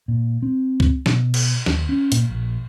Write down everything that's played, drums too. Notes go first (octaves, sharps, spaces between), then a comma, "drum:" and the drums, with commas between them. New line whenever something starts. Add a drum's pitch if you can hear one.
A#2
C4
drum: kick C2
B2, drum: snare
drum: cymbal
D#2, drum: snare
C#4
A#2, drum: hi-hat
A#1